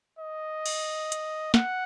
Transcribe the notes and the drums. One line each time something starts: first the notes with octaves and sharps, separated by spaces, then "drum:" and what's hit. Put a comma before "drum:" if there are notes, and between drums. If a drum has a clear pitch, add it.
D#5
drum: cymbal
drum: hi-hat
F#5, drum: snare